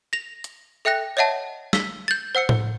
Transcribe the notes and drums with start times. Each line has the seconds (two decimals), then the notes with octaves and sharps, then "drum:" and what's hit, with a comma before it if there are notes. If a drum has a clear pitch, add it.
0.13 A#6 F7
0.44 drum: hi-hat
0.85 A4 E5 G5 F#6 A#6
1.17 C#5 D#5 E5 F#5 A5
1.73 E6 B6 G7, drum: snare
2.08 G6 A6
2.35 C5 F#5 E6 C#7
2.49 drum: tom A2